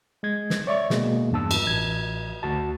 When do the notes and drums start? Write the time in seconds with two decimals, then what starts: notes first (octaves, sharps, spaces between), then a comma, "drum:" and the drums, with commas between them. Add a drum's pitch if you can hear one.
0.23 G#3 G#6
0.50 drum: snare
0.67 C#5 D5 E5 C#6
0.90 B2 G#3 A#3, drum: snare
1.31 E2 G2 A5 E6
1.51 drum: cymbal
1.66 A1 G#6
2.43 D2 F#4 A5